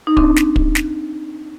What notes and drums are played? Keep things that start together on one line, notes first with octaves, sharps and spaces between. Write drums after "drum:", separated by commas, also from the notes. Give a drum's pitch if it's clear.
D#4
C4 D4, drum: kick
drum: snare
drum: kick
drum: snare